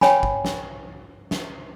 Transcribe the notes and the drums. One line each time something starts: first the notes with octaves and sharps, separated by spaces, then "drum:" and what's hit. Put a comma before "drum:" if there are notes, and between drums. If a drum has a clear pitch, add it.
C#5 G5 G#5 B5, drum: snare
drum: kick G1
drum: snare
drum: snare